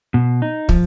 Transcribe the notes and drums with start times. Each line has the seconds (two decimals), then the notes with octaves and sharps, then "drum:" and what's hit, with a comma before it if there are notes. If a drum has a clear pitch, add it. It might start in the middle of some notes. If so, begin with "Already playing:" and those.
0.14 B2
0.42 D#4
0.69 F3, drum: kick